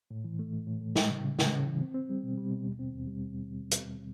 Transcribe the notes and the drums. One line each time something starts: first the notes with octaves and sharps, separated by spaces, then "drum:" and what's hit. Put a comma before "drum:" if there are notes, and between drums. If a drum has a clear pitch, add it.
A2
E3
A3
A2
A2
A2
G3, drum: snare
C#3
C#3
C#3, drum: snare
C#3
E3
C4
C4
G3
B2
G3
B2
D#2
C4
D#2
G3
D#2
drum: hi-hat